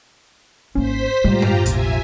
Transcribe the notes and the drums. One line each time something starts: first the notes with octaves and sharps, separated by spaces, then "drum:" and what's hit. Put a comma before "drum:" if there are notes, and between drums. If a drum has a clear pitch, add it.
G#1 A#3 C#4 C5 B6
A2 D3 G3 G#3 F4 G4 A#5
drum: tom G2
F1 A#1 E5 G#5, drum: hi-hat